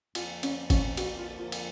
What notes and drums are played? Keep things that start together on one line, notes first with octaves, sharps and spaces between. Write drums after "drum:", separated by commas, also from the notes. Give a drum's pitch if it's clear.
F2 D3 F3 A#3 F4, drum: cymbal
C#4, drum: cymbal
C#4, drum: kick G#1, cymbal
F#4, drum: cymbal
F4
F4
drum: cymbal